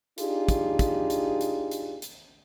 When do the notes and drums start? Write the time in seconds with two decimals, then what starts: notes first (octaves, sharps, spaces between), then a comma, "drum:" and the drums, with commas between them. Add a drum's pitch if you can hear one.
0.18 D4 D#4 F4 G4 G#4, drum: hi-hat
0.49 drum: kick, hi-hat
0.79 drum: kick, hi-hat
1.10 drum: hi-hat
1.41 drum: hi-hat
1.71 drum: hi-hat
2.02 drum: hi-hat